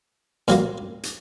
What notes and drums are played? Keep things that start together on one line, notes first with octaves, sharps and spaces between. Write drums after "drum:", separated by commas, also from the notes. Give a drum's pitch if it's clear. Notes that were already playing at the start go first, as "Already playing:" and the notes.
A#2 F#3 A#3, drum: hi-hat
drum: hi-hat